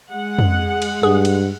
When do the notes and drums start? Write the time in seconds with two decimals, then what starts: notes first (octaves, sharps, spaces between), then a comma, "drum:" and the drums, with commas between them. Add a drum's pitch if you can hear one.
0.11 G#3 F#5
0.39 drum: tom F2
0.82 drum: cymbal
1.03 G2 G#4
1.25 drum: cymbal